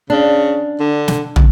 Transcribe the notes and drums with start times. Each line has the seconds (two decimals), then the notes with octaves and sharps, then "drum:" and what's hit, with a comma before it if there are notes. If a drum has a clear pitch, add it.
0.10 C#3 D4
0.80 D3
1.08 drum: snare
1.36 drum: tom